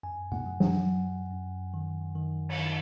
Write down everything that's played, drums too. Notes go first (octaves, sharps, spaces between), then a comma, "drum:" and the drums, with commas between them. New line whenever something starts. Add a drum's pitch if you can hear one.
F#2 G#5
F#5, drum: tom C3
F#3
F#5, drum: tom F#3
F#2
F#2
D#3
D#3
drum: cymbal
D#3